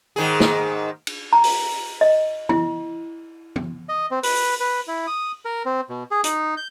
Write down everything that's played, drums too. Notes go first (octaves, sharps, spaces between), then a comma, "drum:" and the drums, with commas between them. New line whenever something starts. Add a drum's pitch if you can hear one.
G#2 D#3 G#4
drum: snare
drum: cymbal
A#5
drum: open hi-hat
D#5
E4, drum: tom
drum: tom
D#5
C4
B4, drum: open hi-hat
B4
E4
D#6
A#4
C4
B2
G#4
D#4, drum: hi-hat
G6